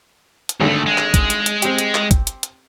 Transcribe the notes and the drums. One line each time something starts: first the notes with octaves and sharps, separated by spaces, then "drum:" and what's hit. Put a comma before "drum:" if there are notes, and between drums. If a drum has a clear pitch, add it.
drum: hi-hat
G#1 D2 D3 A3
G#3
drum: clap
drum: kick, hi-hat
drum: hi-hat
drum: hi-hat
C4 G4, drum: hi-hat
drum: hi-hat
drum: clap
drum: kick, hi-hat
drum: hi-hat
drum: hi-hat